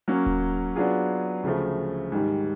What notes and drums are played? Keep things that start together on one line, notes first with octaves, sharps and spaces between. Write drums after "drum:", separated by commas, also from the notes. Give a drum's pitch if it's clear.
F#3 A#3 C#4
drum: kick D#1
F#3 B3 D4 F4 G#4
D2 C#3 F3 A3
G#2 D#3 G3